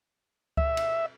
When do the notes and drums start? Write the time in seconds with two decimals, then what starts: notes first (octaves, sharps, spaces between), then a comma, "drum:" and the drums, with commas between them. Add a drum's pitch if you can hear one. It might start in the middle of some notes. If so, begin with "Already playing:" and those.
0.57 E5, drum: kick C#2
0.77 drum: cymbal